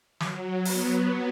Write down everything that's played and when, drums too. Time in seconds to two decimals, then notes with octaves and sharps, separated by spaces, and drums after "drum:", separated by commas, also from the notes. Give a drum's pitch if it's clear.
0.20 F#3, drum: snare
0.65 B3, drum: open hi-hat